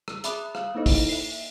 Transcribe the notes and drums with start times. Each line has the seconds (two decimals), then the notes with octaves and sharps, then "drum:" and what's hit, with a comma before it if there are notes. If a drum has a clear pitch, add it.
0.08 drum: rim click
0.24 G#4 E5 B5 D6 D#6 F#6, drum: hi-hat
0.55 F5, drum: rim click
0.75 A#3 D#4 E4 A4 C5 D#5
0.86 drum: kick, open hi-hat
1.09 E5 C7